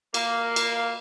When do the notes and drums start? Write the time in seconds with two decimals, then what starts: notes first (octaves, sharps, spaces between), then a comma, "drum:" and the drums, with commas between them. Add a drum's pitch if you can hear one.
0.14 A#3, drum: cymbal
0.56 drum: cymbal